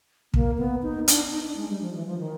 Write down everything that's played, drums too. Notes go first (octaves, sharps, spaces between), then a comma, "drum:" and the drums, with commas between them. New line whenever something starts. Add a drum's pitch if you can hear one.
A#3, drum: kick
B3
D#4
D4, drum: hi-hat
D4
D#4
D4
G#3
G3
F3
E3
F3
D#3